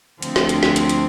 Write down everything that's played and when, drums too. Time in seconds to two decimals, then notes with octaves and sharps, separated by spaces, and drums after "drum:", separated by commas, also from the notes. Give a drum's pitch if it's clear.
0.22 D2 D3 F3 C4, drum: hi-hat
0.36 drum: snare
0.49 drum: hi-hat
0.63 drum: snare
0.76 drum: hi-hat
0.89 drum: hi-hat